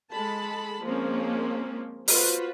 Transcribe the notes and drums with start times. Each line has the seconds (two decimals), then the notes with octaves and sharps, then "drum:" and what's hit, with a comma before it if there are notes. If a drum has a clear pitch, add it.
0.11 G#3 A4 A5 B5
0.83 F3 G#3 A#3 C4 C#4
2.08 F4 F#4 B4 C5, drum: open hi-hat